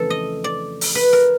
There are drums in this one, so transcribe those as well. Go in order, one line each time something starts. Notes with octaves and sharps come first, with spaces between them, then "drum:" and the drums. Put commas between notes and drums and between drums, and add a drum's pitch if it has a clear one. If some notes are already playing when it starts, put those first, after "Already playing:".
Already playing: F2 C#3 E3 A3 A4
D#5
D5
drum: open hi-hat
B4
A#4